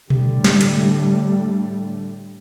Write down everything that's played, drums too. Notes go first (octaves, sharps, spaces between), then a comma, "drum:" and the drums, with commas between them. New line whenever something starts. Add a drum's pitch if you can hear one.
A2 D3 G3 A3, drum: tom B2
drum: snare
drum: hi-hat